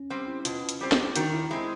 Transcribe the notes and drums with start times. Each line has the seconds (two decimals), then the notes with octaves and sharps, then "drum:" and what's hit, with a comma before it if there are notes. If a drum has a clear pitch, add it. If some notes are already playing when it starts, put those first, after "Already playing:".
Already playing: C#4
0.10 G3 C4
0.27 E4
0.39 E4
0.45 B2 F4, drum: hi-hat
0.69 drum: hi-hat
0.81 G3 C4
0.92 drum: snare
1.16 D#3 F#4, drum: hi-hat
1.33 E4
1.51 G#3 C4 E4